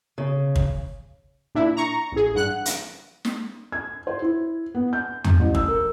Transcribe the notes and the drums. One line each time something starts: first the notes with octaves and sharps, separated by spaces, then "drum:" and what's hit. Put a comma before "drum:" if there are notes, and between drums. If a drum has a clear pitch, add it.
C#3
drum: kick
A#2 D4 E4
A#5 C#6
A1 G#4
G2 F#5 F#6
drum: hi-hat
drum: snare
G#6
C5
E4
B3
G6
drum: tom E2
A1
E6, drum: kick
A#4